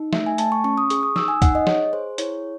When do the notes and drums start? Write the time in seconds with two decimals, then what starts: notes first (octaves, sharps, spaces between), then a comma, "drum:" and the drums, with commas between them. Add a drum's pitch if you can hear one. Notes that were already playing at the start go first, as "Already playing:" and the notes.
Already playing: D#4
0.13 A3 E5, drum: snare
0.26 G#5
0.38 A3 A5, drum: hi-hat
0.52 C#6
0.64 C#4 C#6
0.78 D#6
0.90 G#4 C#6, drum: hi-hat
1.03 D#6
1.16 D#4 E6, drum: snare
1.28 G#5
1.42 D#4 F#5, drum: kick C2, hi-hat
1.55 D#5
1.67 G#4 C#5, drum: snare
1.93 G#4 C5
2.18 E4 C#5, drum: hi-hat